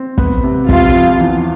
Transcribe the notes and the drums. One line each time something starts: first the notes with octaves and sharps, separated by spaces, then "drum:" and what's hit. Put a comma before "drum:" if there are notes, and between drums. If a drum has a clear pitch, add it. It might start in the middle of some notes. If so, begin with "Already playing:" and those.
Already playing: C4
B3, drum: kick
C3
C3 F4, drum: kick
F3
E2